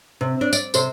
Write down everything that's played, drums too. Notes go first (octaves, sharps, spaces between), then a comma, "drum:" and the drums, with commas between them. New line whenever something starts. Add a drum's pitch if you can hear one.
C3
D4
D5, drum: tambourine
C3 C5, drum: tambourine